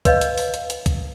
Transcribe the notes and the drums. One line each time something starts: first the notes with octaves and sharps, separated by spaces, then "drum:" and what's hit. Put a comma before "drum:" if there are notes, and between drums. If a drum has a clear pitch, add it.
B4 C#5 D#5 F5, drum: kick, hi-hat
drum: hi-hat
drum: open hi-hat
drum: hi-hat
drum: hi-hat
drum: kick, hi-hat